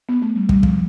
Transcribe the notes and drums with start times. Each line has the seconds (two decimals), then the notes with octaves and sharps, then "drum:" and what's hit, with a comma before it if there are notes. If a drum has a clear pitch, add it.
0.09 B3
0.22 A3
0.36 G3
0.49 G3, drum: kick
0.63 F3, drum: kick